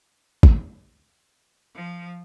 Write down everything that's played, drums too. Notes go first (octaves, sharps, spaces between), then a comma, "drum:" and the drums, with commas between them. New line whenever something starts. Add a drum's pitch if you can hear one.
drum: kick
F3